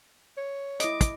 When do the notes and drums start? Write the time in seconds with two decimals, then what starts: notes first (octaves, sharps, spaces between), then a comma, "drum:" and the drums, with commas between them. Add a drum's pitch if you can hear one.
0.38 C#5
0.80 E4 D#5 D6, drum: hi-hat
1.01 drum: kick, hi-hat